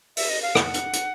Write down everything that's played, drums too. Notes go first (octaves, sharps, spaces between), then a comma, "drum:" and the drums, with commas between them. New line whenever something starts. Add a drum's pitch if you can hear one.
E5, drum: open hi-hat
D#5
F5
F#5, drum: rim click
drum: hi-hat
drum: hi-hat